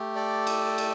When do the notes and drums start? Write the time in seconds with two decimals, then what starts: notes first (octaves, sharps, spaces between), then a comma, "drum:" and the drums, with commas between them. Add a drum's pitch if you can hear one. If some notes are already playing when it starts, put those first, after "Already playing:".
Already playing: A3 G4
0.15 A4 D5
0.47 drum: cymbal
0.78 drum: cymbal